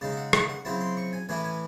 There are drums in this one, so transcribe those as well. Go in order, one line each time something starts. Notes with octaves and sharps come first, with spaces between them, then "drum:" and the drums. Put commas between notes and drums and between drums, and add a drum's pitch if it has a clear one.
C#3 G#3 D#4 A5
E5
F#5
E5, drum: rim click
F#5
C#3 F#3 C4 E4 A5
C6
C#6
G#5
A2 E3 A3 C#4 E4 G#5
G#5